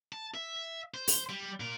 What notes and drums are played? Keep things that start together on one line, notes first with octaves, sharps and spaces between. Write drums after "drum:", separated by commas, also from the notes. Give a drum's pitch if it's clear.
A5
E5
C5
drum: open hi-hat
G3
A#2 A#4